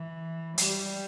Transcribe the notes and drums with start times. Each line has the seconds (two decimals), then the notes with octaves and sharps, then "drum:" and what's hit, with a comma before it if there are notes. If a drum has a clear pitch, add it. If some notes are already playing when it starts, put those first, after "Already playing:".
Already playing: E3
0.58 G3, drum: hi-hat